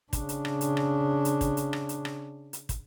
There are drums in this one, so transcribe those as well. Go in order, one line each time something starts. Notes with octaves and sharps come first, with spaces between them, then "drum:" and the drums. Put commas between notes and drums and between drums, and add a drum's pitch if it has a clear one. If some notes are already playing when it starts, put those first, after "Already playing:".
C#3 D4, drum: kick, hi-hat
drum: hi-hat
drum: rim click
drum: hi-hat
drum: rim click
drum: hi-hat
drum: kick, hi-hat
drum: hi-hat
drum: rim click
drum: hi-hat
drum: rim click
drum: hi-hat
drum: kick, hi-hat